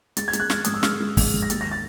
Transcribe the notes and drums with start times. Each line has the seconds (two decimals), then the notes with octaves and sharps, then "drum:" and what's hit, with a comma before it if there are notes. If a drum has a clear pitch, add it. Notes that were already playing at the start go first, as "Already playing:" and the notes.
0.17 G#3 A6, drum: hi-hat
0.28 G#6
0.33 G#3, drum: hi-hat
0.40 F#6
0.50 G#3 F6, drum: snare
0.65 G#2 D#6, drum: hi-hat
0.74 E6
0.83 G#3 F6, drum: snare
1.00 G#3
1.17 G#2, drum: kick, open hi-hat
1.33 G#2
1.42 A#6
1.50 D#2 A6, drum: hi-hat
1.61 A#6
1.71 A6